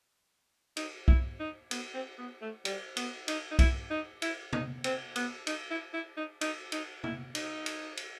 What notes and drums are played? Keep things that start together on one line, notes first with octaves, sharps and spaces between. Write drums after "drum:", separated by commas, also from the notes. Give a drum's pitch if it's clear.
D#4, drum: cymbal
E4, drum: kick
D#4
B3, drum: cymbal
C4
B3
A3
G3, drum: cymbal
B3, drum: cymbal
D#4, drum: cymbal
D#4
E4, drum: kick, cymbal
D#4
E4, drum: cymbal
D#4, drum: tom
C4, drum: cymbal
B3, drum: cymbal
D#4, drum: cymbal
E4
E4
D#4
D#4, drum: cymbal
D#4, drum: cymbal
E4, drum: tom
D#4, drum: cymbal
drum: cymbal
drum: cymbal